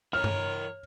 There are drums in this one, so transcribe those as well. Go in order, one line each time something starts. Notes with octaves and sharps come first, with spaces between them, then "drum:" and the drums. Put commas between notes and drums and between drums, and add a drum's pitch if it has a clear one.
E3 A#4 C#5 F6
drum: tom G2